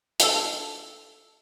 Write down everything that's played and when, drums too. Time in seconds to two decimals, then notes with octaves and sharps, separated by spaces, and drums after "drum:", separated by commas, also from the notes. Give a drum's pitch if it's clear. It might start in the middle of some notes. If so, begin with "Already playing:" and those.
0.20 D4 A4, drum: hi-hat